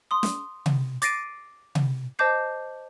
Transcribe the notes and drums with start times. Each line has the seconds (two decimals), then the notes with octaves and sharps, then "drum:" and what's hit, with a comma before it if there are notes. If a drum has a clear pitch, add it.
0.11 C6 D#6
0.23 drum: snare
0.66 drum: tom C3
1.02 D6 A6 A#6 C7 D7 D#7, drum: hi-hat
1.75 drum: tom C3
2.19 C5 D#5 A5 D6 G6 C7